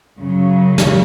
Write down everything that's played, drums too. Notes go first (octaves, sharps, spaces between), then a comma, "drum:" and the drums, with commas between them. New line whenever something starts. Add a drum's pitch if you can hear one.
F#2 C#3 F#3
drum: snare